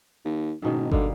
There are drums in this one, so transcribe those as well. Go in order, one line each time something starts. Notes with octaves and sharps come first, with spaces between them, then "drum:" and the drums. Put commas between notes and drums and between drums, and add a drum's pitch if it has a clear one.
D#2
F#1 G#2 B2 D#3
B2 D3 G3 A#3, drum: kick G1